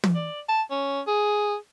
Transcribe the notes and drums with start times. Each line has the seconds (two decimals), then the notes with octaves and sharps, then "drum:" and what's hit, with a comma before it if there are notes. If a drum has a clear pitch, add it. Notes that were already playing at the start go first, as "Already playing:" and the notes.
0.04 drum: tom
0.15 D5
0.49 A5
0.71 C#4
1.07 G#4